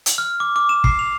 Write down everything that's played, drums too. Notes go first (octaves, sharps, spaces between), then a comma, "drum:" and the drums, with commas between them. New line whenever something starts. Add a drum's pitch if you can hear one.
drum: hi-hat
F6
D6
D6
E7
C7, drum: kick
F7